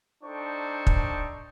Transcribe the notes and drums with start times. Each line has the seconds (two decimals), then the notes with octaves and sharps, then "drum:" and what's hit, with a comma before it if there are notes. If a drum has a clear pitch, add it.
0.24 D4 D#4 A4 C5 G5 C#6
0.87 drum: kick